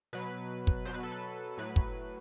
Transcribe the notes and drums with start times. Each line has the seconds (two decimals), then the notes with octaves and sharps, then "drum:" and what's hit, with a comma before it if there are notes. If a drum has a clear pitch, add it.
0.13 B2 F#3 B4
0.67 drum: kick
0.85 B2 F#3 C5
0.94 B4
1.03 A4
1.12 B4
1.58 A2 F#3 B4
1.76 drum: kick